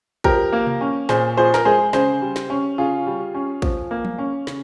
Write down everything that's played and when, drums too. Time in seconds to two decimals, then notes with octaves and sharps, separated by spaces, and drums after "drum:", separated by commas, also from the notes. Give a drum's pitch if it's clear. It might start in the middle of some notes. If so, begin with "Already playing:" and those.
0.24 F3 G4 A#4, drum: kick
0.53 A#3
0.67 drum: tom C3
0.81 C#4
1.09 A#2 G#4 C5, drum: snare
1.37 F3 G#4 C5
1.54 A#4, drum: snare
1.65 G#3 G#4 C5
1.93 C#3 G#4 C5, drum: snare
2.22 G3
2.36 drum: snare
2.50 C#4
2.78 C#3 F4 G#4
3.06 G3
3.35 C#4
3.62 F3, drum: kick
3.91 A#3
4.05 drum: tom
4.18 C#4
4.47 C#3, drum: snare